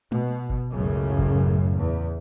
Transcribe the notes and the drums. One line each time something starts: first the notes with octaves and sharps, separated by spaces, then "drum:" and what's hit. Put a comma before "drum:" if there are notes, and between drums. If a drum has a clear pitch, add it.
B2, drum: tom G#3
drum: kick G1
C#2 F#2 A2 C#3
drum: kick G1
E2